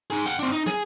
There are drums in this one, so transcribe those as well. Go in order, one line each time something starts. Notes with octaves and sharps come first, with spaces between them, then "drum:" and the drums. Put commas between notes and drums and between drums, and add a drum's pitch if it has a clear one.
D#4 G#4
F#5 G5, drum: hi-hat
C4 D4
D#4
G#4, drum: snare